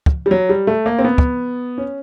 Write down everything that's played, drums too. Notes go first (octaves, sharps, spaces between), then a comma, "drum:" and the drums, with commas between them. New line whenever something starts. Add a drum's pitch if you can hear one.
drum: kick
G3
F#3
G3
A3
A#3
C4
B3
drum: kick
C#4